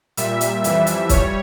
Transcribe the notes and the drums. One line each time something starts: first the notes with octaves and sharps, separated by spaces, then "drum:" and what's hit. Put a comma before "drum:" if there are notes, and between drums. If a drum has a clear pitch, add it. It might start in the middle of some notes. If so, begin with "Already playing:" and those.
A#2 G3 E5, drum: hi-hat
drum: hi-hat
F2 E3 G3, drum: hi-hat
drum: hi-hat
G3 C#5, drum: kick, hi-hat